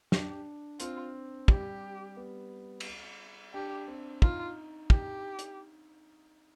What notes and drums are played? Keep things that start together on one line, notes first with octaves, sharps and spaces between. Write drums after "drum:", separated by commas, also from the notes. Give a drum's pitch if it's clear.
D4 G4, drum: snare
C4 F4, drum: hi-hat
G3 G4, drum: kick
B3
drum: cymbal
D4 G4
C4
D#4 F4, drum: kick
G4, drum: kick
drum: hi-hat